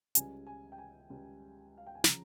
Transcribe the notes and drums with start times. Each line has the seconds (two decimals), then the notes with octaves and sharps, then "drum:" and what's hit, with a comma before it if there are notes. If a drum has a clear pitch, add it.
0.15 C#2 C#3 G3 G#5, drum: hi-hat
0.47 G#5
0.72 G5
0.78 G#5
1.10 C#2 C#3 G3
1.77 F5
1.86 G5
1.95 G#5
2.04 C#3 F3 A#5, drum: snare